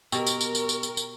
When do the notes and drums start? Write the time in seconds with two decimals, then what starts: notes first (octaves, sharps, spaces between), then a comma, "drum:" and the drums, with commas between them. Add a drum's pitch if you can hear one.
0.12 B2 B3 G4 A#4 G5 C#6, drum: tambourine
0.26 drum: tambourine
0.41 drum: tambourine
0.55 drum: tambourine
0.69 drum: tambourine
0.83 drum: tambourine
0.97 drum: tambourine